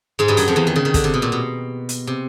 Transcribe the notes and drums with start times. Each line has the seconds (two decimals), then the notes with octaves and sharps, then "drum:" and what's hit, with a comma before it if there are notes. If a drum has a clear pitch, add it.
0.19 G#2 G#3
0.28 G2 G3
0.37 F#2 F#3, drum: hi-hat
0.48 F2 F3
0.56 E2 E3
0.67 D#3
0.76 C#3
0.85 D#3
0.94 D3, drum: kick, hi-hat
1.04 C3
1.14 B2
1.22 A#2
1.32 B2
1.89 drum: hi-hat
2.07 C3